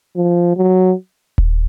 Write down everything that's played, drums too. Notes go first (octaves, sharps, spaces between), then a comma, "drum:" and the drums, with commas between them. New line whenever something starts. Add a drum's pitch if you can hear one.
F3
F#3
drum: kick D#1